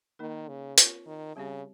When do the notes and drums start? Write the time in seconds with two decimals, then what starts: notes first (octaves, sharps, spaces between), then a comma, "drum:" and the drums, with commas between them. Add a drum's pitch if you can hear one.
0.19 D#3 A#3 D#4 A#4
0.49 C#3
0.78 C4 F4 A#4 C#5, drum: hi-hat
1.06 D#3
1.36 C#3 G3 C4 G4 C#5